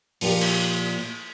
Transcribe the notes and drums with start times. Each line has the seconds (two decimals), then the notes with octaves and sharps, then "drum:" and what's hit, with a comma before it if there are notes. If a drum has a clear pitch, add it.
0.21 A#2 F3 A#3 F4 G4, drum: open hi-hat
0.41 drum: cymbal